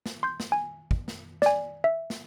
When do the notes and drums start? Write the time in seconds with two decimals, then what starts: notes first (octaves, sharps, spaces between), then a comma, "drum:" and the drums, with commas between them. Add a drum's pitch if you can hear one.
0.06 drum: snare
0.23 C6 G6
0.40 drum: snare
0.52 G#5
0.91 drum: kick
1.08 drum: snare
1.42 D5 G#5, drum: snare
1.84 E5
2.10 drum: snare